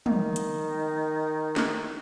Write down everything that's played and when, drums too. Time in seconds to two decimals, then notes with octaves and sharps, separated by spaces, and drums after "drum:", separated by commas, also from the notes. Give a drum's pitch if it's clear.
0.06 D#3, drum: tom
0.36 drum: hi-hat
1.56 drum: snare